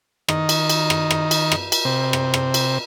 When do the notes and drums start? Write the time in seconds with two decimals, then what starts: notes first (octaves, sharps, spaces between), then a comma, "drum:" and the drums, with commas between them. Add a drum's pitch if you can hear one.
0.28 D#3, drum: rim click
0.49 drum: cymbal
0.70 drum: cymbal
0.90 drum: rim click
1.11 drum: rim click
1.31 drum: cymbal
1.52 drum: rim click
1.72 drum: cymbal
1.85 C3
2.13 drum: rim click
2.34 drum: rim click
2.54 drum: cymbal